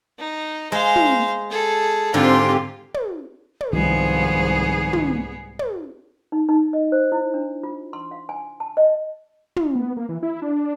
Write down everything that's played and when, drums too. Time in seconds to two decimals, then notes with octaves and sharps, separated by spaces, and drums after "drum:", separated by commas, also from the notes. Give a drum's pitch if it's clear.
0.19 D#4
0.72 G#3 C5 F5
0.96 drum: tom
1.50 G#4 A4
2.14 G#2 D3 C4 F4 G4 C6 D6
2.94 drum: tom
3.61 drum: tom
3.73 C2 G#2 D#3 F3 B3 G#4
4.93 drum: tom
5.59 drum: tom
6.32 D#4
6.49 D#4
6.73 D#5
6.92 C5
7.12 E4
7.34 D4
7.63 F4
7.93 C6
8.11 F5
8.29 G#5
8.60 A5
8.77 D#5
9.56 drum: tom
9.75 B3
9.97 A#3
10.09 E3
10.23 E4
10.42 D4